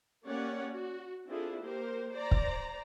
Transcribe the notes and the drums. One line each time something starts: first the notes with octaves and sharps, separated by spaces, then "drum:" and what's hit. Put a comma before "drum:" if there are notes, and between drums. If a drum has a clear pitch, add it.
A#3 C#4 G4 C#5 D5 F#5
F#4
C4 D4 E4 F4 G#4 A4
A#3 G4 A#4 C5
C5 D5 A#5
drum: kick